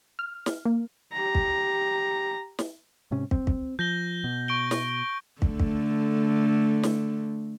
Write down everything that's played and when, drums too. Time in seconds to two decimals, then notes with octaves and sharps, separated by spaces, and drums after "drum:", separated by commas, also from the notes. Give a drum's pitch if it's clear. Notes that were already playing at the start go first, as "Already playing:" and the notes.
0.19 F6
0.46 drum: snare
0.65 A#3
1.13 G4 A#5
1.35 drum: kick
2.59 drum: snare
3.11 G#2 C3 C#4
3.31 C4, drum: kick
3.47 drum: kick
3.79 F3 G6 A#6 G7
4.24 B2
4.48 C#6 D7 G7
4.71 drum: snare
5.42 D3 A3, drum: kick
5.60 drum: kick
6.83 drum: snare